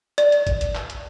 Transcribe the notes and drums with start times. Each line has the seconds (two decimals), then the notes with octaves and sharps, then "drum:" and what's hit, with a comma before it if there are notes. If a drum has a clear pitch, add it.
0.18 D5, drum: hi-hat
0.32 drum: hi-hat
0.47 drum: kick G1, hi-hat
0.61 drum: hi-hat
0.75 drum: clap
0.90 drum: hi-hat